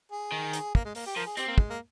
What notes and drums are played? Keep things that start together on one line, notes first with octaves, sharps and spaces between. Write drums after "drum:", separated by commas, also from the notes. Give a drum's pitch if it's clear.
G#4
D#3
drum: hi-hat
A#3, drum: kick
G#3
A#3, drum: open hi-hat
G4
F3 A#4
G#4
C4 G4, drum: hi-hat
A#3
G#3, drum: kick
A#3